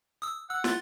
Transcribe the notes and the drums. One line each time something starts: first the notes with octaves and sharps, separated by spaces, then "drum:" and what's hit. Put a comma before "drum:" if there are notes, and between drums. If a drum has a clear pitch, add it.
D#6 E6
F#5 E6
F4 A6, drum: snare